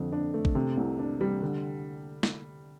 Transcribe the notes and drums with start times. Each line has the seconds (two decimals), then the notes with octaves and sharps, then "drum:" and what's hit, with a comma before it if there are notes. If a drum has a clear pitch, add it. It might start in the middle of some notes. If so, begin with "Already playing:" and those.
Already playing: F2 D3 C4
0.12 D4
0.34 A3
0.45 drum: kick A1
0.55 C3
0.77 C2
0.99 D4
1.21 G3
1.42 D3
2.23 drum: snare